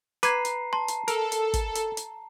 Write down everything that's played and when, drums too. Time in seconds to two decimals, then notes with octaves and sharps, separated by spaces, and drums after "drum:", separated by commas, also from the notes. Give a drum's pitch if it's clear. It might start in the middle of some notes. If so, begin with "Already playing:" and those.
0.23 B4 A#5 D6 G#6 C7, drum: hi-hat
0.45 drum: hi-hat
0.73 A5 C6
0.88 drum: hi-hat
1.08 A4 A#4, drum: hi-hat
1.32 drum: hi-hat
1.54 drum: kick, hi-hat
1.75 drum: hi-hat
1.97 drum: hi-hat